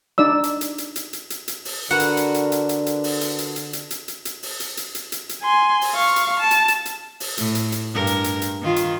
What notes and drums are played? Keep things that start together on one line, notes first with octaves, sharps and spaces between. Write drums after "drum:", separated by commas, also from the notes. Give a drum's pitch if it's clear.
D4 D#4 D5 E6
drum: hi-hat
drum: hi-hat
drum: hi-hat
drum: hi-hat
drum: hi-hat
drum: hi-hat
drum: hi-hat
drum: open hi-hat
D3 D4 F#4 A#4 B4 F#5
drum: hi-hat
drum: hi-hat
drum: hi-hat
drum: hi-hat
drum: hi-hat
drum: hi-hat
drum: open hi-hat
drum: hi-hat
drum: hi-hat
drum: hi-hat
drum: hi-hat
drum: hi-hat
drum: hi-hat
drum: hi-hat
drum: open hi-hat
drum: hi-hat
drum: hi-hat
drum: hi-hat
drum: hi-hat
drum: hi-hat
G#5 C6
drum: open hi-hat
F5 C#6
drum: hi-hat
A5
drum: hi-hat
drum: hi-hat
drum: hi-hat
drum: open hi-hat
A2, drum: hi-hat
drum: hi-hat
drum: hi-hat
G2 A#4
drum: hi-hat
drum: hi-hat
drum: hi-hat
D#3 F4
drum: hi-hat